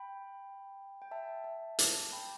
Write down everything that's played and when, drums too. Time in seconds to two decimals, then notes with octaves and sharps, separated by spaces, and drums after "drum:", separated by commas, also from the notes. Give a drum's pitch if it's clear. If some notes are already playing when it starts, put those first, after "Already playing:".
Already playing: G5 B5
1.02 G5
1.11 E5 A5
1.44 E5 A5
1.79 A5 D6, drum: hi-hat
2.12 G5 B5